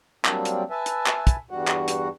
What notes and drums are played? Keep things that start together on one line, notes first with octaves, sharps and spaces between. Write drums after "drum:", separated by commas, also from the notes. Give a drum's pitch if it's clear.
F#3 G3 A#3 C4 D4, drum: clap
drum: hi-hat
B4 E5 G#5 A5
drum: hi-hat
drum: clap
drum: kick, hi-hat
E2 G2 G3 F#4 F#5
drum: clap
drum: hi-hat